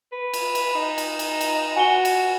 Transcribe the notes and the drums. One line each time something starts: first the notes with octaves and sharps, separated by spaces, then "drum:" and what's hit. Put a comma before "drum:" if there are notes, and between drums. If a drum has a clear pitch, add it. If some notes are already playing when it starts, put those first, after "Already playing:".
B4
drum: cymbal
drum: cymbal
D#4
drum: cymbal
drum: cymbal
drum: cymbal
F#4 G#5 G7
drum: cymbal